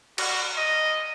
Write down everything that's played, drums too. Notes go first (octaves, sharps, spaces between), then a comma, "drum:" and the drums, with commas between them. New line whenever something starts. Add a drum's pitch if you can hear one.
F#4, drum: cymbal
D#5